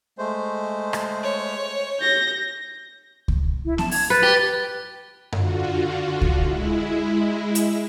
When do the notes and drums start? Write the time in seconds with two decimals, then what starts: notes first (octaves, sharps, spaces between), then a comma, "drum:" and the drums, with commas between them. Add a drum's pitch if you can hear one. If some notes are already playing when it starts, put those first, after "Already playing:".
0.18 G#3 A3 C5
0.93 drum: rim click
1.23 C#5
2.01 G6 A#6
3.28 drum: kick C#2
3.66 E4
3.78 A5, drum: snare B3
3.91 G#6, drum: open hi-hat
4.10 B4 A6
4.23 G4
5.32 D3 F4 F#4, drum: tom F#2
6.21 drum: kick C#2
6.40 G#3 E4
7.55 drum: hi-hat